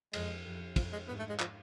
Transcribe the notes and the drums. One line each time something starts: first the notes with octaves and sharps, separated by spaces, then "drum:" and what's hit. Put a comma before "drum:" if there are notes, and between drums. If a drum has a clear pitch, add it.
F2 G#3, drum: cymbal
F2
F2 F3, drum: kick, cymbal
G#3
G#2 B3
A3
G#3
F3, drum: clap